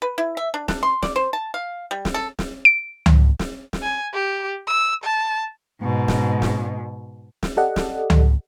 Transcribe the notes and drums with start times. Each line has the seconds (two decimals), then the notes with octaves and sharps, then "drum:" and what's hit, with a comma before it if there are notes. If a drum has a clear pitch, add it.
0.02 B4
0.18 E4
0.37 E5
0.54 D4
0.68 D4, drum: snare
0.83 C6
1.02 D5, drum: snare
1.16 C5
1.33 A5
1.54 F5
1.91 G3
2.05 drum: snare
2.14 A4
2.39 drum: snare
2.65 D7
3.06 drum: tom C#2
3.39 drum: snare
3.73 drum: snare
3.82 G#5
4.13 G4
4.67 E6
5.03 A5
5.82 G#2 B2
6.08 drum: snare
6.42 drum: snare
7.43 drum: snare
7.57 G4 A4 D5 D#5 F#5
7.76 drum: snare
8.10 drum: tom C#2